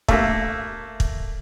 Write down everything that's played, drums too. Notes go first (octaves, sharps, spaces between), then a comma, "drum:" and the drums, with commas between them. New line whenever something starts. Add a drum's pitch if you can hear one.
A3 A#3 E5, drum: kick
drum: kick